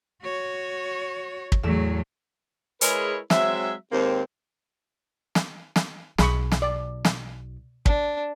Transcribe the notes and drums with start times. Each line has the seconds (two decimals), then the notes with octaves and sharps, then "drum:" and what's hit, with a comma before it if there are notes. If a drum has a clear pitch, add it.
0.22 F#4 C#5
1.52 drum: kick
1.63 E2 A2 F#3 A3 E6
2.81 G#3 E4 G#4 A#4 B4 C#5, drum: hi-hat
3.30 F#3 G#3 C4 E5, drum: snare
3.92 D#2 G#2 A#3 C4
5.35 drum: snare
5.76 drum: snare
6.18 B1 G#4 B5 C#6, drum: snare
6.52 drum: snare
6.62 D5
7.05 drum: snare
7.86 D4, drum: kick